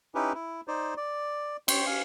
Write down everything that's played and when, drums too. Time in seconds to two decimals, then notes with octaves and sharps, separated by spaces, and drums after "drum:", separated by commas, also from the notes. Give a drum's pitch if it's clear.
0.15 C#4 D#4 E4 G4 B4
0.34 E4
0.68 D#4 C5 D5
0.97 D5
1.68 C#5 G5 C6, drum: cymbal
1.86 F5 G#5